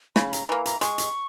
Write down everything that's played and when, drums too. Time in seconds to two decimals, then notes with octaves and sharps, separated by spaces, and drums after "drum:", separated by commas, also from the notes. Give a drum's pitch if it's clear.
0.16 C#3 B5, drum: snare
0.28 B5
0.33 A#5, drum: hi-hat
0.48 E3 A#3 A#5
0.65 A#5, drum: hi-hat
0.81 G#3 C#6, drum: hi-hat
0.98 drum: hi-hat